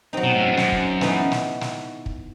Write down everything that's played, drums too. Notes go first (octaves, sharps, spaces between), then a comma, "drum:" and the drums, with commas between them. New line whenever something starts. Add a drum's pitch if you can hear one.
F#3 C4 D#4
B2
A2
F#2
E2
F#2, drum: snare
drum: kick
E3 B3 D#4, drum: snare
drum: snare
drum: snare
drum: kick